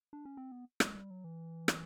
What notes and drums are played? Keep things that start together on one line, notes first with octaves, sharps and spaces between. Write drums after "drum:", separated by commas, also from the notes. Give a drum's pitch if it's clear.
D4
C#4
C4
B3
G#3, drum: rim click
G3
F#3
E3
drum: rim click